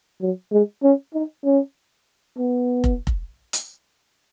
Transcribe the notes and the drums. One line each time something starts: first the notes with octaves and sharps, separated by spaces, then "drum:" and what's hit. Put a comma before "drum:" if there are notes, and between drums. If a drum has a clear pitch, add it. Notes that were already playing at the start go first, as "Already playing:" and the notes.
F#3
G#3
C#4
D#4
C#4
B3
drum: kick F1
drum: kick F1
drum: hi-hat